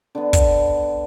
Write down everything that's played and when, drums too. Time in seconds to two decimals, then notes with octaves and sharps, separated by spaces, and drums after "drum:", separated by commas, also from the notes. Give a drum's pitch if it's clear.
0.15 D3 B3
0.33 drum: kick, hi-hat